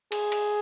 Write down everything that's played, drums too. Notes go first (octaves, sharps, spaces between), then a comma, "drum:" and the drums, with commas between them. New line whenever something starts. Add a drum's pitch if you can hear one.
G#4, drum: cymbal
drum: cymbal